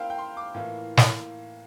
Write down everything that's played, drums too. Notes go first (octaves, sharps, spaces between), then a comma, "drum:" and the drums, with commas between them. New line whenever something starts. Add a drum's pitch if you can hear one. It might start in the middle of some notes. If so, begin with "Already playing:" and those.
Already playing: A#3 E4 A#4 C5 F5 G5
G5
C6
D6
A2 E3 A#3 F4
drum: snare